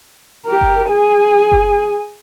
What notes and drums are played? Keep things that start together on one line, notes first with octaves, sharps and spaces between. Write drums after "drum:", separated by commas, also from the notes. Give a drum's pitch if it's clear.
G4 A#4
drum: kick F#1
G#4 G#5
drum: kick F#1